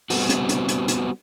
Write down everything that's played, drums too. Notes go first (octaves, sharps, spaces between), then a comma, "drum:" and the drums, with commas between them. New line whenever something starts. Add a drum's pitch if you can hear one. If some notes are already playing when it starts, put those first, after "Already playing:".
G3 B3 C4 F#4, drum: open hi-hat
drum: hi-hat
drum: hi-hat
drum: hi-hat
drum: hi-hat